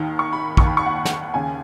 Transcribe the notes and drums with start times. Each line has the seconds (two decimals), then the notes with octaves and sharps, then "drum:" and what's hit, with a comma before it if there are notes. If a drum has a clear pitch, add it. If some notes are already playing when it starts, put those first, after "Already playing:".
Already playing: D#2 D#3
0.19 C#6
0.33 B5
0.57 D#2 D#3 C#6, drum: kick
0.66 B5
0.77 C#6
0.86 F#5
1.05 drum: snare
1.34 D#2 C#3 G#5